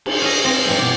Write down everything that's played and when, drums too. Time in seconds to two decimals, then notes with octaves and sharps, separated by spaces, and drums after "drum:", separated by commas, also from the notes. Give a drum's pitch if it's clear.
0.06 drum: cymbal
0.22 C#4 D#5
0.44 C4 B4 D#5 F5
0.65 G2 E3 G#3
0.78 B2 B3 E4 D5